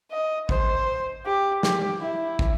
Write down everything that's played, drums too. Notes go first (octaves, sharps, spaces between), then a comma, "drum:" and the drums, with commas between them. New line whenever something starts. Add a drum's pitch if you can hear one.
D#5
C5, drum: kick
G4
G4, drum: snare
E4
drum: kick